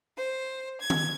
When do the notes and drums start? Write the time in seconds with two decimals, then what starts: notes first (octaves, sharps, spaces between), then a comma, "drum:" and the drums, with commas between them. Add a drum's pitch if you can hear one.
0.17 C5
0.80 G#6
0.90 drum: tom D#3